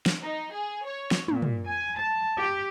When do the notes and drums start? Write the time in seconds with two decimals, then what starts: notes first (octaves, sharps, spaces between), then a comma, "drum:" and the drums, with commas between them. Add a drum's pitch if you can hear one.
0.06 drum: snare
0.23 D#4
0.54 G#4
0.86 C#5
1.11 drum: snare
1.28 A#2, drum: tom
1.42 drum: tom
1.66 G#5
1.98 A5
2.38 G4